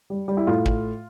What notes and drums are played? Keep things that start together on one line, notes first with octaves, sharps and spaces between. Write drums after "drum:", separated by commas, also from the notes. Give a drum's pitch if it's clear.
G3
G3
E4
A2 F4
drum: kick